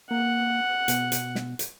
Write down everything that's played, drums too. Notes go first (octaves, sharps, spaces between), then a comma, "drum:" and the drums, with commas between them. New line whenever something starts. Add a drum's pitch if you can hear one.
A#3 F#5
B2, drum: hi-hat
drum: hi-hat
drum: snare
drum: hi-hat